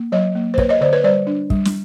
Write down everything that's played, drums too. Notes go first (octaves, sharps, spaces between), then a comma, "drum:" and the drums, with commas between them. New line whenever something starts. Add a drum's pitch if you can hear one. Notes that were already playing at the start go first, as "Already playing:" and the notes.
Already playing: A#3
F#3 C#5 D#5
A#3
C5
A#3 B4 C#5, drum: kick
C#5 D#5
D3 C5 D5
B4 C#5
G3 C5 D5
D4
G3, drum: kick
drum: snare